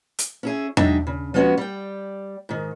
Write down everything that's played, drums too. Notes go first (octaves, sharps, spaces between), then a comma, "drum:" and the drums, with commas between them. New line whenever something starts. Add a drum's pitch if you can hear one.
drum: hi-hat
C#4 E4 G#4
F#3 G#3 D4 D#4 E5 G5, drum: tom E2
C#3
F3 G#3 B3 C#4 F4 F#4
G3 G5
G#2 D#3